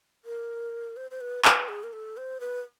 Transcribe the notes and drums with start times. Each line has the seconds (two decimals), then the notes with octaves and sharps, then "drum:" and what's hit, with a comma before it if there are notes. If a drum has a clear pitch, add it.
0.25 A#4
0.97 C5
1.11 C5
1.21 B4
1.45 B4, drum: clap
1.68 G#4
1.83 A#4
1.93 A4
2.17 C5
2.40 B4